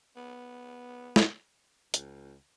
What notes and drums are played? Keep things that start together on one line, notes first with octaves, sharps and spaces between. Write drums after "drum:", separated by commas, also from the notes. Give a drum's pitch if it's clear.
B3
drum: snare
C#2, drum: hi-hat